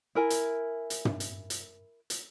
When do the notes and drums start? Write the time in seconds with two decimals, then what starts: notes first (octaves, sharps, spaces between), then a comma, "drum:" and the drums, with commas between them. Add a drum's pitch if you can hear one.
0.15 E4 A#4 G#5
0.30 drum: hi-hat
0.90 drum: hi-hat
1.05 drum: tom
1.20 drum: hi-hat
1.50 drum: hi-hat
2.10 drum: hi-hat